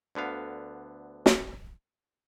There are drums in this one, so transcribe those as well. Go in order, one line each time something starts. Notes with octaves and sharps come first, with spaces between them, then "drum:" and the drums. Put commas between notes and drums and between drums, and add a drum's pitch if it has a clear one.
D2 D3 B3 F5
drum: snare